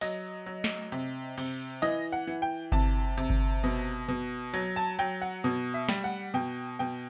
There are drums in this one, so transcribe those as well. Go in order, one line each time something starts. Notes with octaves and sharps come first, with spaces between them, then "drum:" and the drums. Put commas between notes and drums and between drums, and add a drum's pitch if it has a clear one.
F#3 D#5, drum: open hi-hat
F#3
drum: snare
C3
C3, drum: cymbal
E3 D#5
F#5
E3
G5
C3 A5, drum: kick G1
C3
drum: kick G1
B2
B2
F#3
A5
F#3 G5
F#5
B2
E5
G3, drum: snare
F#5
B2 G5
B2 G5